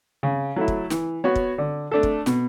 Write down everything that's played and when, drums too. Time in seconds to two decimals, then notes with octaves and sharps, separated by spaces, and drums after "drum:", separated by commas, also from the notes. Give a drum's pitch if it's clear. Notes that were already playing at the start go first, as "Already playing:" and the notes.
0.23 C#3
0.56 F#3 A3 E4
0.68 drum: kick
0.90 E3, drum: snare
1.24 B3 F#4 C#5
1.36 drum: kick
1.58 D3
1.91 A3 D4 A4
2.03 drum: kick
2.26 B2, drum: snare